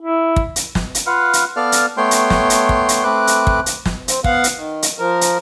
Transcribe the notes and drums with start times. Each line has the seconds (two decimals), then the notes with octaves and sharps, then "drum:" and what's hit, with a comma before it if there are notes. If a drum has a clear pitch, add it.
0.01 E4
0.36 drum: kick
0.56 drum: hi-hat
0.75 drum: snare
0.95 drum: hi-hat
1.06 F4 B4 F5 F#5
1.33 drum: hi-hat
1.56 B3 A4 D5 F5 F6
1.72 drum: hi-hat
1.97 A3 B3 C#5 G5 C6
2.11 drum: hi-hat
2.30 drum: snare
2.50 drum: hi-hat
2.69 drum: kick
2.89 drum: hi-hat
3.04 A3 C4 B4 D6 F#6
3.27 drum: hi-hat
3.47 drum: kick
3.66 drum: hi-hat
3.86 drum: snare
4.08 C4, drum: hi-hat
4.24 B3 F5 F#5, drum: kick
4.44 drum: hi-hat
4.56 D#3
4.83 drum: hi-hat
4.99 F3 A#4
5.21 drum: hi-hat